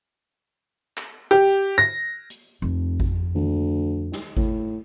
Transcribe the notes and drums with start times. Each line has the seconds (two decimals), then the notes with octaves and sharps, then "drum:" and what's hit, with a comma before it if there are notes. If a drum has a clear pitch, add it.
0.97 drum: clap
1.31 G4
1.78 A#6
2.30 drum: hi-hat
2.62 F1 F2
3.00 drum: kick G#1
3.35 D2, drum: tom D#3
4.12 drum: snare
4.37 A2, drum: kick G#1